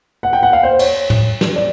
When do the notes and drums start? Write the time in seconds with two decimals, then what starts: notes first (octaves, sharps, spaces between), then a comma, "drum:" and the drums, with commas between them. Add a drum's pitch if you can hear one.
0.23 F#5
0.33 G5
0.43 F#5
0.53 F5
0.63 C5
0.79 C#5, drum: cymbal
1.10 drum: tom
1.41 drum: snare
1.56 D5